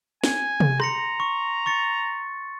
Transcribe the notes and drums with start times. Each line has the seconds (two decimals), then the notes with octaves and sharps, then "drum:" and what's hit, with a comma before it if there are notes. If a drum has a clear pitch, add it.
0.24 G#5, drum: snare
0.60 drum: tom C3
0.80 A#5 C6 A#6 C#7, drum: rim click
1.20 C#6
1.66 C#6 A6 C#7